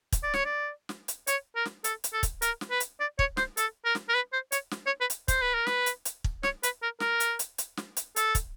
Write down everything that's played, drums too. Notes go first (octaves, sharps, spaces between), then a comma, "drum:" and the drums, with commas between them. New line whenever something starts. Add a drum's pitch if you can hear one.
drum: kick, hi-hat
D5
C#5, drum: snare
D5
drum: snare
drum: hi-hat
C#5, drum: hi-hat
A#4
drum: snare
A4, drum: hi-hat
drum: hi-hat
A4
drum: kick, hi-hat
A#4, drum: hi-hat
drum: snare
B4
drum: hi-hat
D5
C#5, drum: kick
C5, drum: snare
A4, drum: hi-hat
A#4
drum: snare
A#4
B4
C5
C#5, drum: hi-hat
drum: snare
C#5
B4
drum: hi-hat
C5, drum: kick, hi-hat
B4
A#4
B4, drum: snare
drum: hi-hat
drum: hi-hat
drum: kick
C#5, drum: snare
B4, drum: hi-hat
A#4
A#4, drum: snare
drum: hi-hat
drum: hi-hat
drum: hi-hat
drum: snare
drum: hi-hat
A4, drum: hi-hat
drum: kick, hi-hat